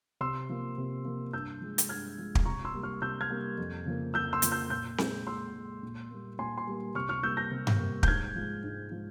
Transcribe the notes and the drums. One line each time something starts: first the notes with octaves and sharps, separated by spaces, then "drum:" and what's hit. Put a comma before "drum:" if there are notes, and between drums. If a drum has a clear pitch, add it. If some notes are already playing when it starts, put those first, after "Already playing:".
C3 C6 E6
F3 A#3
C3
F3 A#3
G2 E6 G6
F3 G#3
drum: hi-hat
G2 F6 G#6
F3 G#3
drum: kick
C3 A#5 C#6
C6 E6
G3 A#3
C#6 F6
C3 E6 G6
F6 G#6
G3 A#3
F2
C#3 F3 A#3
F2 E6 G6
C6 E6
C#3 F3 A#3, drum: hi-hat
E6 G6
A#2 E6 G6
G#3, drum: snare C4
A#2 C6 E6
G#3
A#2
G3 A#3
A#2 G#5 C6
G#5 C6
G3 A#3
C3 C#6 F6
C#6 F6
G3 A#3 E6 G6
G6 A#6
C3
drum: tom G2
G3 A#3
G6, drum: kick
G#2 F6 G#6
F3 G#3
G#2
F3 G#3